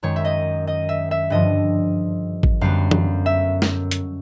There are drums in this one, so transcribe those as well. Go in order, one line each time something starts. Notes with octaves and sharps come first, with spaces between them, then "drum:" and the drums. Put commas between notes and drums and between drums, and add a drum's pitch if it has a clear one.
F#2 D#3 G#3 C#5
E5
D#5
D#5
E5
E5
G2 D3 F3 D#5
drum: kick G#1
F#2 D3 G3 B3 F5
drum: tom E3
E5
drum: snare
drum: hi-hat